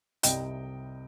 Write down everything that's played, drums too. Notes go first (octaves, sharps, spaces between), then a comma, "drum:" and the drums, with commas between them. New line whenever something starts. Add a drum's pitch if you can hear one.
C2 C3 G3 D#5 G5, drum: hi-hat